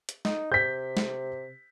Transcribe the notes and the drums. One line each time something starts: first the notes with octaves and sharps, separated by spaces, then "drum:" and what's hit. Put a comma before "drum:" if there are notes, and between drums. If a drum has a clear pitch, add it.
drum: hi-hat
D#4, drum: snare
C3 G6 B6
drum: snare